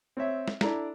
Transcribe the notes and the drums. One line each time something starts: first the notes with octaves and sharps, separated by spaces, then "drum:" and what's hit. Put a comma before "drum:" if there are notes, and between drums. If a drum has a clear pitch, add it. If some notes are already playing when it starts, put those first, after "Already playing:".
C4 C#5 E5
drum: snare
D4 E4 A4 D5 A#5, drum: snare